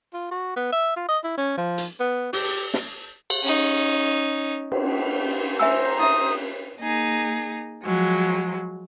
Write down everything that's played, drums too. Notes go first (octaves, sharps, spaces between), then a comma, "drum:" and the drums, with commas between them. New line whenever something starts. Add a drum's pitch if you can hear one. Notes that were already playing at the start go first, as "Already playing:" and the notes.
F4
F#4
B3
E5
F4
D#5
E4
C#4
F3
drum: hi-hat
B3
G4, drum: open hi-hat
drum: snare
drum: cymbal
C#4 D#4
drum: cymbal
C5 E5 G#5 A#5 E6
D#4 E5 D#6
A#3 D#4 G#4
F3 F#3 G#3